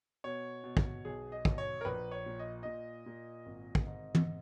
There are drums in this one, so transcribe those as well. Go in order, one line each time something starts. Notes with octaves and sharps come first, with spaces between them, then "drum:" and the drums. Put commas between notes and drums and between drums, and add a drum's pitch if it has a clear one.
B2 C#5
B2
drum: kick
B1 G#4
D#5
B1, drum: kick
C#5
A#4
A#1 B4
C#5
A#2
D#5
A#2 D#5
A#2
G#1
drum: kick
G#2
drum: tom